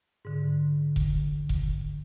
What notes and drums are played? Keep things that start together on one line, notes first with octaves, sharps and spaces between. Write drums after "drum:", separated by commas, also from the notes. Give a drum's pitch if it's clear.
G#2 D3
drum: kick F1
drum: kick F1